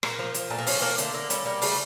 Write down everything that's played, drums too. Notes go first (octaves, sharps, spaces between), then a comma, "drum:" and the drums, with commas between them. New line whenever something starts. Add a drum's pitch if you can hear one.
A#2 A#3, drum: rim click
F3
F3, drum: hi-hat
A#2 A3
A#3
F3 C#4, drum: open hi-hat
A3 A#3
D3 A3, drum: hi-hat
D3 A#3
G3 C#4, drum: hi-hat
G3 A#3
C#3 A3, drum: open hi-hat